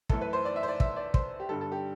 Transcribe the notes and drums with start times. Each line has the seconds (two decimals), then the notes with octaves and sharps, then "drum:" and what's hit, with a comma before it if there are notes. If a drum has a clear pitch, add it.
0.09 F#2 E3 A3 A4, drum: kick
0.21 B4
0.33 C5
0.45 D5
0.56 E5
0.63 C5
0.68 D5
0.80 E5, drum: kick
0.96 D5
1.14 C5, drum: kick
1.40 G4
1.49 G2 D3 G3 A4
1.61 A4
1.72 G4